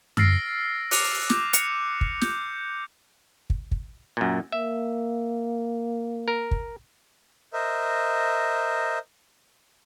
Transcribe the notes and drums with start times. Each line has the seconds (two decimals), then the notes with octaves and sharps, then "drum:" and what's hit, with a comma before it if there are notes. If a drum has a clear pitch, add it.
0.17 E6 F6 A6 A#6 C7 D7, drum: tom F#2
0.91 D6 F#6 D#7 F7, drum: open hi-hat
1.30 D6 G6, drum: snare
1.53 F#6 C#7 F7, drum: hi-hat
2.01 drum: kick
2.21 G6, drum: snare
3.50 drum: kick
3.71 drum: kick
4.17 F#2 A#2
4.52 A#3 E5
6.28 A#4
6.51 drum: kick
7.53 A#4 C5 D#5 E5